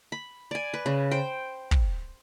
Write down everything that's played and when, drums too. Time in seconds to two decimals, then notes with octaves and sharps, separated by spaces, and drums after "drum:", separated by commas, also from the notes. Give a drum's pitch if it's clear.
0.12 B5
0.51 D5 G#5
0.74 B4
0.86 C#3
1.11 C5 G5
1.71 drum: kick